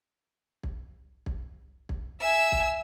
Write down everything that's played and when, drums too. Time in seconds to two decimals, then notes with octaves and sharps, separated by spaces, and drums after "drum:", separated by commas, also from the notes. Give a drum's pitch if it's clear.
0.63 drum: kick
1.26 drum: kick
1.89 drum: kick
2.21 E5 G#5 E6
2.52 drum: kick